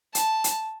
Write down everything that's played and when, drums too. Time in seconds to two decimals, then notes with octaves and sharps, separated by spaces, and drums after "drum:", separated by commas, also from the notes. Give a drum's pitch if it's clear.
0.15 A5, drum: hi-hat
0.44 drum: hi-hat